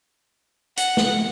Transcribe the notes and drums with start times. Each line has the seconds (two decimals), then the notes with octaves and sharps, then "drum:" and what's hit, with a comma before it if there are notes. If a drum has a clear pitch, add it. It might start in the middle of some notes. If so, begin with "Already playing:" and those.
0.77 F#5, drum: hi-hat
0.97 drum: snare